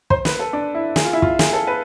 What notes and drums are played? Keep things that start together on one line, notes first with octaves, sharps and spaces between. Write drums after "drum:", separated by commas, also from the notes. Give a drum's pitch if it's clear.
C5, drum: kick
B4, drum: snare
A4
D4
E4
G#4, drum: snare
F4
E4
F4, drum: kick
G#4, drum: snare
A4
B4